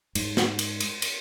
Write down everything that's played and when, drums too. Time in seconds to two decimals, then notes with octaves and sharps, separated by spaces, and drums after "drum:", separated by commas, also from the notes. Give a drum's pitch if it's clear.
0.15 G#2, drum: cymbal
0.37 drum: snare
0.59 drum: cymbal
0.80 drum: cymbal
1.02 drum: cymbal